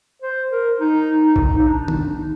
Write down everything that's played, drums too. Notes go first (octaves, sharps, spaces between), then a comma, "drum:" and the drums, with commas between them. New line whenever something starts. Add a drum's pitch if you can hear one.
C5
A#4
D#4
D#4
drum: kick A#1
D#4
D4
drum: tom D#3
D#4